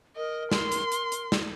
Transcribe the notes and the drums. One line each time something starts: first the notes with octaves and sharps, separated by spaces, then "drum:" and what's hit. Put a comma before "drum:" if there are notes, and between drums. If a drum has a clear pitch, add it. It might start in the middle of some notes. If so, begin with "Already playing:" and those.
A#4 D#5
C6, drum: snare
drum: hi-hat
drum: hi-hat
drum: hi-hat
drum: snare